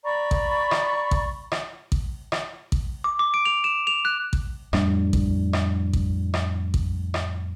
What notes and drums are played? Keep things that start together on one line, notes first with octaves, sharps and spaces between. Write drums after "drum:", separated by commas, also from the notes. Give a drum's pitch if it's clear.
D5 A#5 B5 C#6
drum: kick A1
drum: rim click
drum: kick A1
drum: rim click
drum: kick A1
drum: rim click
drum: kick A1
D6
D6
D7
F7
E7
F7
F#6
drum: kick A1
F2 A2 G3 D4, drum: rim click
drum: kick A1
drum: rim click
drum: kick A1
drum: rim click
drum: kick A1
drum: rim click